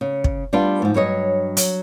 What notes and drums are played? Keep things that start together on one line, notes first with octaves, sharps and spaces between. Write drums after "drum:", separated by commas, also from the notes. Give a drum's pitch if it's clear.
C#3
drum: kick
G3 B3 D4 F4
G#2 F3
G2 F#3 C#5 D#5
F#3, drum: hi-hat